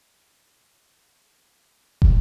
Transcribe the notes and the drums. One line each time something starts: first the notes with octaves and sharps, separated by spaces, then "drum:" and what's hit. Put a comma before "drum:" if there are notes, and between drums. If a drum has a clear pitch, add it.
F#4 G4 G5
F#1 F3 C#4 B5 C#6
drum: kick